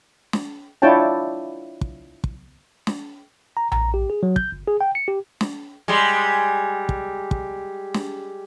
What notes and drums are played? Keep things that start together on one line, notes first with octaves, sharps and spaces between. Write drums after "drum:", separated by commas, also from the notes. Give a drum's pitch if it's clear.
drum: snare
D4 E4 F4 C#5 G5 A5
drum: kick
drum: kick
drum: snare
A#5
A#5, drum: tom A#1
G4
G#4
F#3
G6, drum: kick
G1
G#4
G5
C#7
G4
drum: snare
G3 G#3
drum: kick
drum: kick
drum: snare